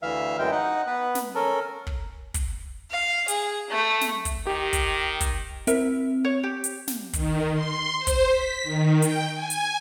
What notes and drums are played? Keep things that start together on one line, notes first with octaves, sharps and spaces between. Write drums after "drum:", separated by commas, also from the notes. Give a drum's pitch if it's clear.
D2 E3 E5 F5
F#2 E3 G#3 G5
D#4 F#5
B3 B4
drum: snare
C#4 A4 A#4
drum: kick
drum: kick, hi-hat
F5
G#4, drum: hi-hat
A3
drum: snare
drum: kick, hi-hat
D#3 G4
drum: kick, hi-hat
drum: kick, hi-hat
C4 E4 A#4 E5, drum: hi-hat
C#5
G4
drum: hi-hat
drum: snare
D#3, drum: kick, hi-hat
C6
C5
drum: kick, hi-hat
B6
D#3
G5, drum: hi-hat
G#5
drum: hi-hat